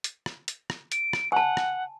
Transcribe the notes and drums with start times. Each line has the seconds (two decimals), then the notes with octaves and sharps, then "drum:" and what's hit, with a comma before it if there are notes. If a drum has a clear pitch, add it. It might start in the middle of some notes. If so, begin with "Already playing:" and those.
0.04 drum: hi-hat
0.26 drum: rim click
0.48 drum: hi-hat
0.70 drum: rim click
0.92 D7, drum: hi-hat
1.13 drum: rim click
1.32 F#5 G#5 A5
1.57 drum: rim click